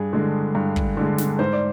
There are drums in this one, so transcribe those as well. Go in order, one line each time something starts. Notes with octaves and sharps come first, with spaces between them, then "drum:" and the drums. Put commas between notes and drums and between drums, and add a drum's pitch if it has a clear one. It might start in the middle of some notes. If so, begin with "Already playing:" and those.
Already playing: G2 G#4
D3 G#3
G2
drum: kick
D3 G#3
drum: snare
G#2 C5
D5